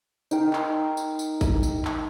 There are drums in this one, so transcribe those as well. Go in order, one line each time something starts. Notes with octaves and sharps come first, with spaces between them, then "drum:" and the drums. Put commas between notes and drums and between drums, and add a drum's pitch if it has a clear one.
D#4 A#4 G5, drum: tambourine
drum: clap
drum: tambourine
drum: tambourine
drum: kick, tambourine
drum: tambourine
drum: clap